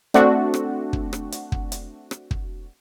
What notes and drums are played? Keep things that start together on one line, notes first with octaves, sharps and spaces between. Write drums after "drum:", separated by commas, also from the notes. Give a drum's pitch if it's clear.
A3 C4 D4 F#4, drum: rim click
drum: rim click
drum: kick
drum: rim click
drum: hi-hat
drum: kick
drum: hi-hat
drum: rim click
drum: kick